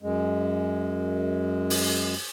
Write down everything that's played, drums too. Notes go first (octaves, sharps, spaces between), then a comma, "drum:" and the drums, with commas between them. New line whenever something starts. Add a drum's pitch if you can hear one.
F#2 G#3
drum: open hi-hat